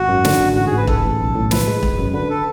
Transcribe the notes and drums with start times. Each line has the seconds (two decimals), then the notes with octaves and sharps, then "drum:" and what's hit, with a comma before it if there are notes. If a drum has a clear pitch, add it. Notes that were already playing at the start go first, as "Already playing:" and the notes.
Already playing: G#1 F#4
0.09 F#2
0.25 D3, drum: snare
0.41 G#1
0.56 A1 F#4
0.67 G#4
0.71 G#2
0.77 B4
0.87 G#3 A4, drum: kick
1.04 A1
1.19 B1
1.35 A2
1.51 F3 B4, drum: snare
1.67 G#3
1.83 G#1, drum: kick
1.98 F#2
2.14 D3 B4
2.30 A4